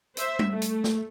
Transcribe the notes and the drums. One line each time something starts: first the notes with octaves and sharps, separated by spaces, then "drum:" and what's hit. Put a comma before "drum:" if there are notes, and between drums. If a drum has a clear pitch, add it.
C5 E5, drum: hi-hat
drum: tom G3
A3
drum: hi-hat
drum: snare